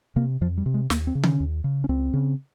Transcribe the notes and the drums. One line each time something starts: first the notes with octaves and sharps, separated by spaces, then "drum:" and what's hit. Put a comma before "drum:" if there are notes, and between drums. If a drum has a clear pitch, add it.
C3 A#3
F2 F3
G3
C3
G#3
D#2 A#3, drum: snare
C4
C#3
C#4, drum: tom D3
D#2
C#3
C#4
C#2 C4
C#3